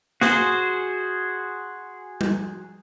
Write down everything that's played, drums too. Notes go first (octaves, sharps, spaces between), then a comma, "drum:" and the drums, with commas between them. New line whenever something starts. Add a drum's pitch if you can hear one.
F#4 G#4 C5, drum: snare
drum: tom G3